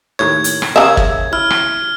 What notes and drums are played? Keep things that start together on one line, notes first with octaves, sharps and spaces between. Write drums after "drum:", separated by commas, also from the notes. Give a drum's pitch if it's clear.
D#2 A2 C#5 G#6
drum: hi-hat
drum: rim click
C#3 A#3 E5 G#5
drum: kick
E4 F6
drum: rim click